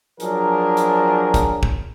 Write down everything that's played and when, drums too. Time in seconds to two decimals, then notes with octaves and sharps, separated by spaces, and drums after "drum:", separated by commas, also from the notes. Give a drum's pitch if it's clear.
0.20 F3 F#3 D4 G#4 A#4, drum: hi-hat
0.77 drum: hi-hat
1.34 drum: kick, hi-hat
1.63 drum: kick